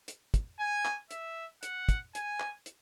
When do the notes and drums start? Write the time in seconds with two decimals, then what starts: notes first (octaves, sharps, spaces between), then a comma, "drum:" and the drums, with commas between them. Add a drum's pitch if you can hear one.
0.08 drum: hi-hat
0.34 drum: kick, hi-hat
0.60 G#5
0.85 drum: clap
1.11 E5, drum: hi-hat
1.63 F#5, drum: hi-hat
1.89 drum: kick, hi-hat
2.15 G#5, drum: hi-hat
2.40 drum: clap
2.66 drum: hi-hat